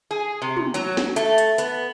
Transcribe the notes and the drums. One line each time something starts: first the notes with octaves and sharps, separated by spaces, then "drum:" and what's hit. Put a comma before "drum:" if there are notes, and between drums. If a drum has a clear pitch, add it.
G#4
C3
drum: tom
F#3, drum: hi-hat
drum: snare
A3, drum: hi-hat
drum: hi-hat
B3, drum: hi-hat